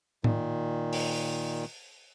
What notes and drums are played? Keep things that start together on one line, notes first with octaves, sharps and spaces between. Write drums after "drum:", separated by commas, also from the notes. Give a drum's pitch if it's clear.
A#2 D#3, drum: tom A2
drum: open hi-hat